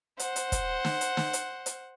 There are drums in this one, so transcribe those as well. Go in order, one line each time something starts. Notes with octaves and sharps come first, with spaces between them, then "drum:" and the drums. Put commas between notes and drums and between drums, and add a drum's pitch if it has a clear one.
C5 F#5, drum: hi-hat
drum: hi-hat
drum: kick, hi-hat
drum: snare
drum: hi-hat
drum: snare
drum: hi-hat
drum: hi-hat